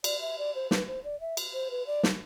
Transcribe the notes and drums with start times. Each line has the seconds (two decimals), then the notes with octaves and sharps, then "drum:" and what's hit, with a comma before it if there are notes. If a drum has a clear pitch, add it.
0.04 D5, drum: cymbal
0.21 E5
0.38 D5
0.55 C5
0.71 B4, drum: snare
0.87 C5
1.04 D5
1.20 E5
1.37 drum: cymbal
1.54 C5
1.71 B4
1.87 D5
2.03 drum: snare